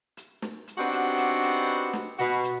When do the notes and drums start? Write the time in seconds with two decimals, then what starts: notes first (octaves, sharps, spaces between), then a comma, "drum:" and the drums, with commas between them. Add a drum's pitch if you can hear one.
0.17 drum: hi-hat
0.42 drum: snare
0.67 drum: hi-hat
0.78 B3 C4 D4 D#4 F#4 G4
0.93 drum: hi-hat
1.18 drum: hi-hat
1.43 drum: hi-hat
1.68 drum: hi-hat
1.93 drum: snare
2.19 B2 F#4, drum: hi-hat
2.44 drum: hi-hat